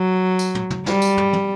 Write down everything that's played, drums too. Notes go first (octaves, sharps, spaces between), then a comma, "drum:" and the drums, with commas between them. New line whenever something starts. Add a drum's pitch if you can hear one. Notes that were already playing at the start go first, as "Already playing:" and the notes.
Already playing: F#3
drum: tambourine
drum: tom
drum: tom
G3, drum: snare
drum: tambourine
drum: tom
drum: tom